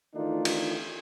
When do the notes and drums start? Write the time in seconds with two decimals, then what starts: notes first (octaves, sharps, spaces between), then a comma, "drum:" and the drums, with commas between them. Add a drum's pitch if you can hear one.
0.15 D#3 E3 A3 D4 D#4 F4
0.45 drum: cymbal